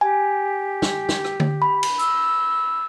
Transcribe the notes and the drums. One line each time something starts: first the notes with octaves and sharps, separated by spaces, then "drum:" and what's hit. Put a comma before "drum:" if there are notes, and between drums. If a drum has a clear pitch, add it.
G4 G#5
drum: snare
drum: snare
drum: rim click
drum: tom D3
B5
drum: cymbal
E6, drum: hi-hat